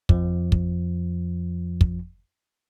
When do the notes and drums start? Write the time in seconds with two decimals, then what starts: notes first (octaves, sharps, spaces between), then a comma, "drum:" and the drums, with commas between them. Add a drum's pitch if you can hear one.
0.09 F2 F3, drum: kick
0.52 drum: kick
1.81 drum: kick